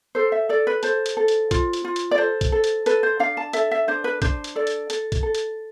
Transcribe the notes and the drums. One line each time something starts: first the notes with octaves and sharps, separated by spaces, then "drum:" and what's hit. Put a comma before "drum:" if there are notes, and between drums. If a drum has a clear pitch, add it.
A4 C5
E5
A4 D5
B4
A4 C5, drum: hi-hat
drum: hi-hat
A4
drum: hi-hat
F4, drum: kick, hi-hat
drum: hi-hat
F4
drum: hi-hat
D5
A4 C5
drum: kick, hi-hat
A4
drum: hi-hat
A4 B4, drum: hi-hat
C5
D4 F5
A5
A4 E5, drum: hi-hat
E5
D4 C5
B4
D4 C5, drum: kick, hi-hat
drum: hi-hat
A4 D5
drum: hi-hat
A4, drum: hi-hat
drum: kick, hi-hat
A4
drum: hi-hat